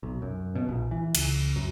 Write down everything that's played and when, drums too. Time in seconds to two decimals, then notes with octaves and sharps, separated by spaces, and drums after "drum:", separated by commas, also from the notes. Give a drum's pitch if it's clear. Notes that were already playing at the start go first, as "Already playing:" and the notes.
0.03 B1
0.22 F#2
0.55 B2
0.69 A#1
0.91 E3
1.15 C#2, drum: cymbal
1.56 F#2